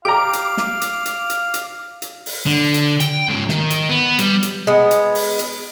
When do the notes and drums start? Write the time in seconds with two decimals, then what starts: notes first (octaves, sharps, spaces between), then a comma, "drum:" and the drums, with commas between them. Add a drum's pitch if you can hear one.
0.05 G4 F5 A#5 D6
0.33 drum: hi-hat
0.57 drum: snare
0.81 drum: hi-hat
1.06 drum: hi-hat
1.30 drum: hi-hat
1.54 drum: hi-hat
2.02 drum: hi-hat
2.26 drum: open hi-hat
2.46 D3
2.74 drum: hi-hat
3.00 G5, drum: hi-hat
3.28 G#2 C#3
3.49 D#3, drum: snare
3.70 drum: hi-hat
3.89 B3
4.19 G3, drum: hi-hat
4.43 drum: hi-hat
4.67 G#3 B3
4.91 drum: hi-hat
5.15 drum: open hi-hat
5.39 drum: hi-hat